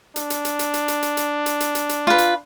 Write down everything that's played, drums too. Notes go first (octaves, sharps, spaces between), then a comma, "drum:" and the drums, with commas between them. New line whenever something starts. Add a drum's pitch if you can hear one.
D4, drum: hi-hat
drum: hi-hat
drum: hi-hat
drum: hi-hat
drum: hi-hat
drum: hi-hat
drum: hi-hat
drum: hi-hat
drum: hi-hat
drum: hi-hat
drum: hi-hat
drum: hi-hat
F4 B4
drum: hi-hat